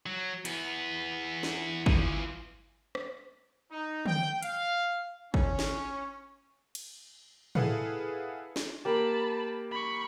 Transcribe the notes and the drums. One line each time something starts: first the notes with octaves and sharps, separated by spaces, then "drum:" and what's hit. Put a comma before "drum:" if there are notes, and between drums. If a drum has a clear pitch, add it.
F#3
E2 B3, drum: hi-hat
drum: snare
E3 F3, drum: kick
drum: rim click
D#4
G5, drum: tom D3
F5, drum: hi-hat
C#4, drum: kick
drum: snare
drum: cymbal
E4 G#4 A4 B4 F5 F#5, drum: tom A2
drum: snare
A#3 G4 A5 B5
B5 C#6